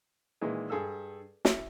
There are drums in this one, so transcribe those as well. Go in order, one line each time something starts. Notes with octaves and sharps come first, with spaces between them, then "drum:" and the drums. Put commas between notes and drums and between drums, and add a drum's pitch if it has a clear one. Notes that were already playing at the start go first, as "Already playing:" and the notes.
A#2 D#3 E3 G#3
G2 G#4 A4 E6
E4, drum: snare